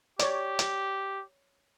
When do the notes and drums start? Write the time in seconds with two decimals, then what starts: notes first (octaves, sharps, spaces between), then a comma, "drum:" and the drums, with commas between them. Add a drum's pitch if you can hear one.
0.19 G4 C#5 D5, drum: hi-hat
0.59 drum: hi-hat